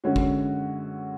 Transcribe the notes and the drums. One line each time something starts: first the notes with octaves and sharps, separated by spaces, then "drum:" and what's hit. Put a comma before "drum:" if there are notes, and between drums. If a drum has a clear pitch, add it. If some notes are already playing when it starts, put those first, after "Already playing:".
F#2 D3 G#3 C#4 F#4
drum: kick G#1